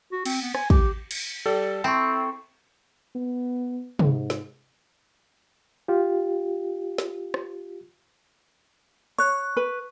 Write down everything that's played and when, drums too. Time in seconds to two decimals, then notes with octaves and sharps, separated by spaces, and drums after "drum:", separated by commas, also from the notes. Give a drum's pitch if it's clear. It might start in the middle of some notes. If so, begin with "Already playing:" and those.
0.12 F#4
0.26 C4, drum: cymbal
0.42 B3
0.55 G#5, drum: rim click
0.70 G4, drum: kick
1.11 drum: cymbal
1.46 G3 A4
1.84 C4 E4 G5 C#6
3.15 B3
3.99 G#2, drum: tom C3
4.30 drum: snare
5.88 F4 G4
6.98 drum: snare
7.34 drum: rim click
9.18 C#5 C#6 F#6
9.57 B4